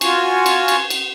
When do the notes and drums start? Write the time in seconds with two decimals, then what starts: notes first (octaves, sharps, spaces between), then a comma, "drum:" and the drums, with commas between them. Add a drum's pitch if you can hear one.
0.01 F4 F#4 G#5 C#6, drum: cymbal
0.46 drum: cymbal
0.68 drum: cymbal
0.90 drum: cymbal